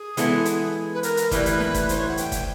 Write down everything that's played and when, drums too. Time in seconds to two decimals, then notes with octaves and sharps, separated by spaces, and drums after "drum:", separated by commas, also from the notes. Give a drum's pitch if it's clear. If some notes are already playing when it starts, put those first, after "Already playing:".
Already playing: G#4
0.17 E3 G#3 B3 E4 A4, drum: hi-hat
0.45 drum: hi-hat
0.95 B4
1.03 A#4, drum: hi-hat
1.17 drum: hi-hat
1.31 A2 E3 G3 B4, drum: kick, hi-hat
1.46 drum: hi-hat
1.60 drum: snare
1.74 drum: kick, hi-hat
1.89 C5, drum: hi-hat
1.98 C#5
2.08 F#5
2.17 G5, drum: hi-hat
2.32 drum: kick, hi-hat